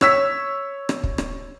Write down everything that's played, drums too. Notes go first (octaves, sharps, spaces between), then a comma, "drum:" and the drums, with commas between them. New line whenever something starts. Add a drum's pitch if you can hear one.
C#5 E6 B6, drum: rim click
drum: rim click
drum: kick
drum: rim click